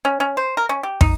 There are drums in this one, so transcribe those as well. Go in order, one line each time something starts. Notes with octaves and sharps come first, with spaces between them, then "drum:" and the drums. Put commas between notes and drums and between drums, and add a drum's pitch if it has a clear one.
C#4
C#4
C5
A#4
C#4
G4
D#4, drum: kick